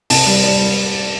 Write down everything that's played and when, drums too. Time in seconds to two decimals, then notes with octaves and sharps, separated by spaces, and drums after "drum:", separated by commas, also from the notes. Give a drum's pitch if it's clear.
0.10 C3 A5, drum: open hi-hat
0.26 G3
0.44 G3